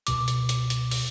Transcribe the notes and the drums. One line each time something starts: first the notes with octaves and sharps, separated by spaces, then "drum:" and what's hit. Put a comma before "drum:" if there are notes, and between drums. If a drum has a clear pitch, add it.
C#2 B2 D6, drum: hi-hat
drum: hi-hat
drum: hi-hat
drum: hi-hat
drum: open hi-hat